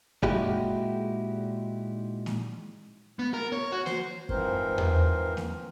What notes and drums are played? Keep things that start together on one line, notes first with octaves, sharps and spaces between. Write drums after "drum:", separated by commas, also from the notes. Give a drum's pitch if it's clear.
A#2 G#3 D#4 E4 F#4 G4, drum: kick F#2
drum: snare A#3
B3
A#4
C#5
F#4
C5, drum: snare A#3
G#2 E3 F3 C4 A#4 C5, drum: kick F#2
drum: tom E2
drum: snare A#3